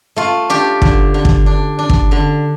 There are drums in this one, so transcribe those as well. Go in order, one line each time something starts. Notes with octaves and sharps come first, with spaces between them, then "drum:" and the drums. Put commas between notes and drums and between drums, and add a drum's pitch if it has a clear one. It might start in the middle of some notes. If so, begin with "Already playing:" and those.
A3 F4
D4 G4
D3, drum: kick
D3
drum: kick
D4
D4
drum: kick
D3